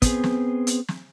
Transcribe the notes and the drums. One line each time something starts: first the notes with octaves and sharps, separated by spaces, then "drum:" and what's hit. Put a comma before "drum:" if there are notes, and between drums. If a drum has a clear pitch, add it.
B3 C4 G#4, drum: kick, hi-hat
drum: snare
drum: hi-hat
drum: snare